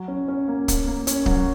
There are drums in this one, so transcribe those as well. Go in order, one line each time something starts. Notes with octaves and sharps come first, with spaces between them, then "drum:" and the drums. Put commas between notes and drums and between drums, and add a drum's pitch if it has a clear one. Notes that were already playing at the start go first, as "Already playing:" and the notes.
Already playing: F#3
C#4
C#4
A#3
A#3, drum: kick C#1, hi-hat
A#3
C#4, drum: hi-hat
F#3, drum: kick C#1